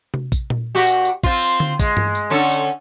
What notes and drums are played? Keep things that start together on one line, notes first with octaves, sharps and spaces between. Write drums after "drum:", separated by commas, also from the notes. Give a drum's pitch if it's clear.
drum: tom C3
drum: kick, tambourine
drum: tom A#2
A#2 F#4 G4
drum: tambourine
drum: tambourine
C4 F4, drum: kick, tambourine
drum: tambourine
drum: tom D3
G#3, drum: kick, tambourine
drum: tom G2
drum: tambourine
D3 C#4 A4
drum: tambourine